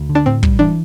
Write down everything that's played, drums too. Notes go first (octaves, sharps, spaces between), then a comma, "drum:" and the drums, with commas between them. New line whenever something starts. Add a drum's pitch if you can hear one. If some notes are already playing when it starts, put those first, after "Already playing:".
Already playing: D2
D3
D4
A2 C4
G3, drum: kick
E3 D4